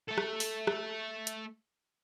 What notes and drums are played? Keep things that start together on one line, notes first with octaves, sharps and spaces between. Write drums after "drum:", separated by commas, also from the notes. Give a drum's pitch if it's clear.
A3 A4
drum: rim click
drum: open hi-hat
drum: rim click
drum: hi-hat